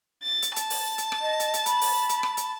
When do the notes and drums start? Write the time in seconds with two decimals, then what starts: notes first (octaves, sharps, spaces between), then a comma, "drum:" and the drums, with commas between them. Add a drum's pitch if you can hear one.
0.23 A6
0.42 drum: hi-hat
0.56 A5, drum: hi-hat
0.70 drum: open hi-hat
0.98 drum: hi-hat
1.12 drum: rim click
1.21 D#5
1.40 drum: hi-hat
1.54 drum: hi-hat
1.66 B5, drum: hi-hat
1.81 drum: open hi-hat
2.09 drum: hi-hat
2.23 drum: rim click
2.37 drum: hi-hat